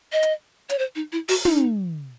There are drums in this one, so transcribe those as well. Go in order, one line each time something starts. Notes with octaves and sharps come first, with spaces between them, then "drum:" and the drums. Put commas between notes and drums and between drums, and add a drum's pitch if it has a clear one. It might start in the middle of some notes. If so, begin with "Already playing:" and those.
D#5
drum: hi-hat
C#5, drum: hi-hat
C5
D#4
E4
F#4, drum: open hi-hat
D#4, drum: tom